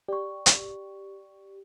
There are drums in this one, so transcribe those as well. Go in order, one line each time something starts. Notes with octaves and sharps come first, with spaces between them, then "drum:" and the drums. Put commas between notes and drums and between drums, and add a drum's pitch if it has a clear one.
G4 D5 C#6
drum: hi-hat